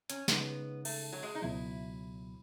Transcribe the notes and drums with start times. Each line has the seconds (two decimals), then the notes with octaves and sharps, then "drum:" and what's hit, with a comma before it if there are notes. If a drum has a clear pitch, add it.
0.10 C#4, drum: hi-hat
0.28 C#3 G#3 B3 D#4, drum: snare
0.85 A3, drum: cymbal
1.13 F#3
1.23 G#3
1.35 D#4
1.42 C#2 B2 F#3 E4